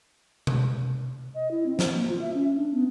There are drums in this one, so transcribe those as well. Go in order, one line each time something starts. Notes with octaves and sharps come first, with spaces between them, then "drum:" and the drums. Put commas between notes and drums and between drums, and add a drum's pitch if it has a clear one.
drum: tom B2
D#5
E4
C4
C5, drum: snare
A#3
F4
E5
C#4
D4
B3